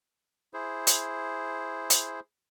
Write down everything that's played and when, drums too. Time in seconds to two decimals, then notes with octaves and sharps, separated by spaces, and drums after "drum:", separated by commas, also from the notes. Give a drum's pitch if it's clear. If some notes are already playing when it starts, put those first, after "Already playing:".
0.54 E4 G#4 C5
0.87 drum: hi-hat
1.90 drum: hi-hat